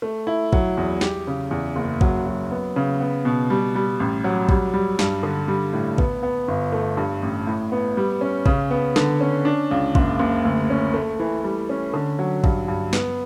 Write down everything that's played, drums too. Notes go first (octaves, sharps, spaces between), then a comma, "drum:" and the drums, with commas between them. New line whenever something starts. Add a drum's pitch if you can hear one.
A3
E4
F#3, drum: kick A#1
E2
G4, drum: snare
C#3
E2
F#1
F#3, drum: kick A#1
F#3
B3
C#3
B3
B2
G3
G3
A1
F#3
G3, drum: kick A#1
G3
G2, drum: snare
D3
G3
A2
B3, drum: kick A#1
B3
G1
A3
G2
A1
A2
B3
G3
C#4
C#3, drum: kick A#1
B3
D3, drum: snare
C#4
D4
C#2
F#1, drum: kick A#1
F#1
D2
C#4
A3
E3
G3
C#4
D3
F#3
G2, drum: kick A#1
G2
B3, drum: snare